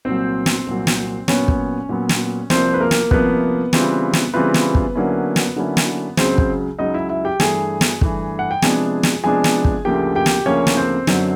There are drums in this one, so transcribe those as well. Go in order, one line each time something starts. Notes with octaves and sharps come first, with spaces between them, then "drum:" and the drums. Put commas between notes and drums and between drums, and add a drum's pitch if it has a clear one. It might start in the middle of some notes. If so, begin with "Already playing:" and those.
C2 A#2 F#3 C4 C5
drum: snare
C2 A#2 F#3
drum: snare
A#2 F#3 B3 C#4 C#5, drum: snare
drum: kick
A#2 F#3 B3
drum: snare
C2 C3 F3 A#3 C4 C5, drum: snare
B4
A#3 A#4
drum: snare
C2 C3 F3 A#3 B3 B4, drum: kick
C#3 E3 G3 C4 F4, drum: snare
drum: snare
C#3 E3 G3 B3 C4 F4 B4
drum: snare
drum: kick
D3 F#3 A#3 C#4 E4
drum: snare
D3 F#3 A#3 C#4 E4
drum: snare
C#2 C#3 F#3 C4 C5, drum: snare
drum: kick
C#2 C#3 F#3 D#4 D#5
E4 E5
E4 E5
G4 G5
G2 E3 A3 G#4 G#5, drum: snare
drum: snare
G2 E3 A3, drum: kick
F#5
G5
C3 F3 G#3 B3 D4 G#4 G#5, drum: snare
drum: snare
C3 F3 G#3 B3 D4 G#4 G#5
drum: snare
drum: kick
D2 C#3 F3 A#3 G4 G5
G4 G5
drum: snare
D2 C#3 F3 A#3 C#4 C#5
drum: snare
C4 C5
F#2 D3 F#3, drum: snare